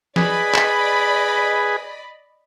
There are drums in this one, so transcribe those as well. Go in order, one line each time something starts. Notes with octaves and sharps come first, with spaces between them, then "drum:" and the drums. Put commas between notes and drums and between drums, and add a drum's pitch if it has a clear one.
G#4 B4 D5 D#5 B5, drum: snare
drum: clap